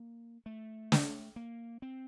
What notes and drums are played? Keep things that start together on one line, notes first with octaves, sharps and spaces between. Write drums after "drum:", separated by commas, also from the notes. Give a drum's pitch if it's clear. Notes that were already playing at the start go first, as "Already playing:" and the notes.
Already playing: A#3
A3
drum: snare
A#3
C4